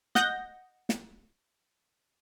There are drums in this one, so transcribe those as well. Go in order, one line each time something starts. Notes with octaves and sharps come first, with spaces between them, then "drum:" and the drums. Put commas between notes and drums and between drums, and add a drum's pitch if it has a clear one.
D#5 F#5 G6 A#6, drum: snare
drum: snare